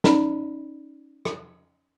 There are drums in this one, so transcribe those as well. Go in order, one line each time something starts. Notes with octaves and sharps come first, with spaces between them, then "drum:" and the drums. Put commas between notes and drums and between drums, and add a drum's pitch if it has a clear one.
C#4 D#4 D5 B5, drum: snare
drum: rim click